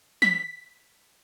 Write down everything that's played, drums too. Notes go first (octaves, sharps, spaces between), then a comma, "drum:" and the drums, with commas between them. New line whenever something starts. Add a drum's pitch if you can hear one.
B6, drum: snare